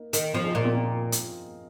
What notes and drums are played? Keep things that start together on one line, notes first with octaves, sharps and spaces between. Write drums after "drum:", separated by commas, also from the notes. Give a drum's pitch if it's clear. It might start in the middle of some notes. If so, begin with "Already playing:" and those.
Already playing: A#3 D#4
D#3, drum: hi-hat
F3 C4 F4
D#4 G#4
A#2 F4 A#4
C4 F4
C4 F4
drum: hi-hat